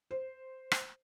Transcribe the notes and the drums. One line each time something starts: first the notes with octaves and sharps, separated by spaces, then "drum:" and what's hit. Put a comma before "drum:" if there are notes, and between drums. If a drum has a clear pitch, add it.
C5
drum: rim click